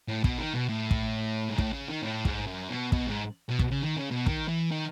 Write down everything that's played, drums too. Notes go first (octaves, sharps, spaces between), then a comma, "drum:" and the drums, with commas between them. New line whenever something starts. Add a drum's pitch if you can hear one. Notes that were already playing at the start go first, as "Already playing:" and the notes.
A2
B2, drum: kick
D#3
B2
A2
drum: kick
G#2
A2, drum: kick
C#3
D#3
A2
G#2, drum: kick
F#2
B2
B2, drum: kick
G#2
B2
drum: kick
C#3
D#3
C#3
B2
D#3, drum: kick
E3
D#3